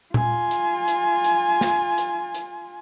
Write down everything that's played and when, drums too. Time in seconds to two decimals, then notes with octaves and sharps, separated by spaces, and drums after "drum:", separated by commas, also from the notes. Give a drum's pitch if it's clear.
0.14 F4 G#5, drum: tom A#2
0.51 drum: hi-hat
0.88 drum: hi-hat
1.24 drum: hi-hat
1.61 drum: snare
1.98 drum: hi-hat
2.35 drum: hi-hat